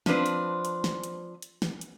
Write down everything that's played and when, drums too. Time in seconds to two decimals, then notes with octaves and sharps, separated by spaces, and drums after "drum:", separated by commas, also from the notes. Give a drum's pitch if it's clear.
0.06 F3 C4 D4 B4 C5, drum: snare
0.26 drum: hi-hat
0.65 drum: hi-hat
0.84 drum: snare
1.04 drum: hi-hat
1.42 drum: hi-hat
1.62 drum: snare
1.81 drum: hi-hat